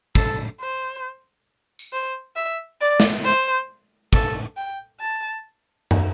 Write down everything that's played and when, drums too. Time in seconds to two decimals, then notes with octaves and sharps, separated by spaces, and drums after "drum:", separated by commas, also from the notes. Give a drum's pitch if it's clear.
0.15 A4, drum: kick
0.60 C5
1.79 drum: tambourine
1.93 C5
2.36 E5
2.81 D5
3.00 drum: snare
3.24 C5
4.13 A4, drum: kick
4.57 G5
5.00 A5
5.91 drum: tom